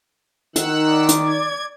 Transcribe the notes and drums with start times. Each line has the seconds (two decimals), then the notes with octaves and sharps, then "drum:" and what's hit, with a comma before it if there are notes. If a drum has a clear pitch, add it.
0.56 D#3 F#5 E6 F#6, drum: hi-hat
0.90 D5
1.09 drum: hi-hat
1.26 G#6